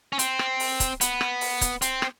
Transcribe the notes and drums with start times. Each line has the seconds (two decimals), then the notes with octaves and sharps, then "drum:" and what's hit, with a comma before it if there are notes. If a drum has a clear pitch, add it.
0.13 C#4
0.19 C4, drum: hi-hat
0.39 drum: rim click
0.60 drum: open hi-hat
0.80 drum: kick, hi-hat
1.01 B3, drum: hi-hat
1.21 drum: rim click
1.41 drum: open hi-hat
1.61 drum: kick, hi-hat
1.82 C4, drum: hi-hat
2.02 drum: rim click